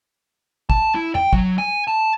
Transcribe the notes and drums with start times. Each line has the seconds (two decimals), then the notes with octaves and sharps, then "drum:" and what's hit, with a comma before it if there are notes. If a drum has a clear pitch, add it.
0.70 A5, drum: kick
0.95 E4
1.15 G5, drum: tom F2
1.33 F#3, drum: kick
1.58 G#5
1.87 A5